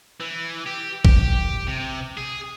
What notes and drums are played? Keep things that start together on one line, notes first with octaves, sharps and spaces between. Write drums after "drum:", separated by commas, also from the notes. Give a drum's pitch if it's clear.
E3
G4
G4, drum: kick
C3
G#4